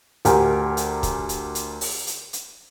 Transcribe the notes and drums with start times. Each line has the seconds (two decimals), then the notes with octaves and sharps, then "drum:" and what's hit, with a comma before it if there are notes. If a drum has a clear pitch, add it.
0.25 D2 G4 A#4 G#5, drum: hi-hat
0.77 drum: hi-hat
1.03 drum: kick, hi-hat
1.29 drum: hi-hat
1.55 drum: hi-hat
1.81 drum: open hi-hat
2.07 drum: hi-hat
2.33 drum: hi-hat